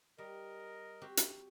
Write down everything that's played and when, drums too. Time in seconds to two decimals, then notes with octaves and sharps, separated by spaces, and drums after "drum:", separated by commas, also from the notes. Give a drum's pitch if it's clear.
0.18 G3 A#4 D#5
1.01 C4 F#4 G4
1.17 drum: hi-hat